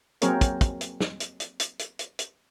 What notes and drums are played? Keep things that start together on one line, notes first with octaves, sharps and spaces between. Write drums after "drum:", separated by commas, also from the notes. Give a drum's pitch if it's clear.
F#3 A#3 C4 G#4 A#4 C#5, drum: hi-hat
drum: kick, hi-hat
drum: kick, hi-hat
drum: hi-hat
drum: snare
drum: hi-hat
drum: hi-hat
drum: hi-hat
drum: hi-hat
drum: hi-hat
drum: hi-hat